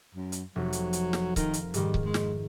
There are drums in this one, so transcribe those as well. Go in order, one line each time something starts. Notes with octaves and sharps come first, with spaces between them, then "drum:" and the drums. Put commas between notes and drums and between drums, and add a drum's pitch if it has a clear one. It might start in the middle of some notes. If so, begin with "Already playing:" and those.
F#2
drum: hi-hat
F1 F#3
drum: hi-hat
drum: hi-hat
drum: snare
D#3 F4 A#4, drum: kick C#1, hi-hat
drum: hi-hat
G#2 D#3 G3, drum: hi-hat
drum: kick C#1
G#3
drum: snare